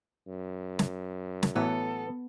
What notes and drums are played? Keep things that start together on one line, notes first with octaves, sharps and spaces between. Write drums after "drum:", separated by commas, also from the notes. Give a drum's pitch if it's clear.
F#2
drum: snare
drum: snare
A1 E3 F#3 B3 A4